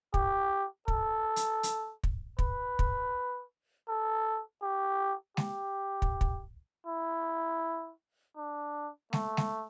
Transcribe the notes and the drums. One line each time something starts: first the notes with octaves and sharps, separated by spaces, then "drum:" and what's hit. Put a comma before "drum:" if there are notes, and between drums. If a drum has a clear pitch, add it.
G4, drum: kick
A4, drum: kick
drum: hi-hat
drum: hi-hat
drum: kick
B4, drum: kick
drum: kick
A4
G4
G4, drum: snare G#3
drum: kick
drum: kick
E4
D4
A3, drum: snare G#3
drum: snare G#3